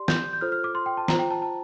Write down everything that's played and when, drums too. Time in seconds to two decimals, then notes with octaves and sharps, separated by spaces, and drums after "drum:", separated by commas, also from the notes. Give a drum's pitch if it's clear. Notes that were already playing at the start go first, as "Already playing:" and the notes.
Already playing: G4 D5 C6
0.08 G6, drum: snare
0.33 G6
0.41 F4 A4 C5 F6
0.52 F6
0.64 D6
0.75 C6
0.86 G5
0.97 A5
1.08 F4 C5 A#5, drum: snare
1.19 G5
1.30 A5
1.42 A5